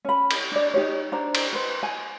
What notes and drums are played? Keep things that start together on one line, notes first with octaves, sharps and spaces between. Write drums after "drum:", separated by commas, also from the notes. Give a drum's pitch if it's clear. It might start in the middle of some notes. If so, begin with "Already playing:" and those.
C#4 B5
drum: cymbal
D4 D5
D#4 G4 C#5
D4 C5 A#5
drum: cymbal
B4 C5
G#5